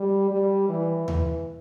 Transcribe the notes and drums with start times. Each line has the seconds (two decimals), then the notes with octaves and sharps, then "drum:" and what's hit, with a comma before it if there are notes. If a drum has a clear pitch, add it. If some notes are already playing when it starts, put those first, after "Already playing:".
Already playing: G3
0.31 G3
0.69 E3
1.08 E3, drum: tom D#2